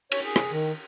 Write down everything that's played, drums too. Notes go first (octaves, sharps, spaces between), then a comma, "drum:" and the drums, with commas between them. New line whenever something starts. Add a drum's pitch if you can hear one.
C#5, drum: cymbal
G#4
drum: rim click
D#3